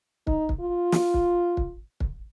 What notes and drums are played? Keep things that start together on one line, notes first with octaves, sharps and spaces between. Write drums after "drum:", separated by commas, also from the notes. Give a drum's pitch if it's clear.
D#4, drum: kick
drum: kick
F4
drum: snare
drum: kick
drum: kick
drum: kick